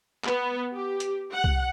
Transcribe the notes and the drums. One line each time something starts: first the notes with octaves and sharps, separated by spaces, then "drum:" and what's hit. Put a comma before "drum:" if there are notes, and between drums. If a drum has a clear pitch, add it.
B3, drum: clap
G4
drum: hi-hat
F#5
drum: kick C2